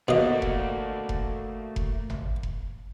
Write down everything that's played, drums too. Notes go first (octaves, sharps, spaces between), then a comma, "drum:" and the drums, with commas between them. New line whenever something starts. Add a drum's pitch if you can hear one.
B2 A3 A#3 F#4 D#5
drum: kick F1
drum: kick F1
drum: kick F1
drum: tom G#1
drum: kick F1